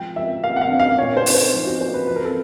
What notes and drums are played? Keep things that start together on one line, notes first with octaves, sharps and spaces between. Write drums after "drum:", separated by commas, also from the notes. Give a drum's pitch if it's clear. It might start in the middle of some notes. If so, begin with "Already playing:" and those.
Already playing: F3 G#3 G5
F3 E5
A#3 F5
F#5
F5
D4
F5
A#2 C#5
C5
D#4, drum: open hi-hat
C5
F3
F#4
A#3 C5
B4
F3 B4
A#4
A4